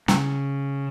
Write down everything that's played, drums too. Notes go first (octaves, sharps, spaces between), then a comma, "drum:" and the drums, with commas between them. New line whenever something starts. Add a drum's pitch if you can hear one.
C#3, drum: snare